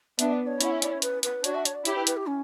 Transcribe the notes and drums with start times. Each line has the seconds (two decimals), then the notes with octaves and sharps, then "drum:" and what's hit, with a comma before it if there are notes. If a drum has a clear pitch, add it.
0.19 B3 D4 E5, drum: hi-hat
0.33 D5
0.47 C#5
0.61 C#4 E4 F#5, drum: hi-hat
0.71 E5
0.82 D5, drum: hi-hat
0.92 C#5
1.02 B4, drum: hi-hat
1.23 B4, drum: hi-hat
1.44 D4 F#4 C#5, drum: hi-hat
1.54 E5
1.65 C#5, drum: hi-hat
1.75 D5
1.85 E4 G4 C#5, drum: hi-hat
1.96 B4
2.07 B4, drum: hi-hat
2.17 G4
2.28 C#4